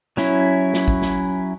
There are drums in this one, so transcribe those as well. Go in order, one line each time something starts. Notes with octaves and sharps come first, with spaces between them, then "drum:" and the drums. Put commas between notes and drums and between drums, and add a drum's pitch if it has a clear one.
F#3 C#4 E4, drum: snare
drum: snare
drum: kick G#1
drum: snare